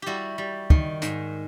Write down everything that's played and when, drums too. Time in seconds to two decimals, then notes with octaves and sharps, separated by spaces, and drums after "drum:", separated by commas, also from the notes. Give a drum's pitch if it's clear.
0.02 G3 E4 F#4 G4
0.38 G3
0.70 D#3, drum: kick
1.02 G#2, drum: hi-hat